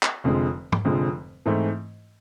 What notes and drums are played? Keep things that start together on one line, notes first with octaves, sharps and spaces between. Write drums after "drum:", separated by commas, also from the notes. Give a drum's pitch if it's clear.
drum: clap
F1 F2 D3 F3 G#3
drum: tom
F1 F2 D3 F3 G#3
G#2 E3 A3 C4 E4